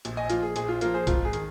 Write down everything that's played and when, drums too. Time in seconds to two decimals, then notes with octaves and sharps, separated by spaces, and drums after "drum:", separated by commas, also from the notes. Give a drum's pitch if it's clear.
0.05 A#1, drum: hi-hat
0.17 D#5 G#5
0.30 A#2 F3 F4, drum: hi-hat
0.42 G#4
0.56 A#1 G#4, drum: hi-hat
0.68 F4
0.81 A#2 F3 F4 A#4, drum: hi-hat
0.94 G#4 C5
1.07 G#1 F4, drum: kick, hi-hat
1.25 G#4
1.33 D#3, drum: hi-hat